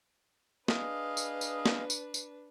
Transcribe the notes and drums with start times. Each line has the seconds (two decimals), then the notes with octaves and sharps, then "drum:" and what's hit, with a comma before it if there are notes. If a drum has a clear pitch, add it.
0.68 D4 G#4 B4 D#5 F5, drum: snare
1.17 drum: tambourine
1.41 drum: tambourine
1.66 drum: snare
1.90 drum: tambourine
2.14 drum: tambourine